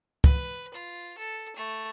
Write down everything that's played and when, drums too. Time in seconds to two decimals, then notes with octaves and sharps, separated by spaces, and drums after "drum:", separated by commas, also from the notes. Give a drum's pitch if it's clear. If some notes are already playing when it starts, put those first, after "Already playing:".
0.24 B4, drum: kick
0.74 F4
1.18 A4
1.57 A3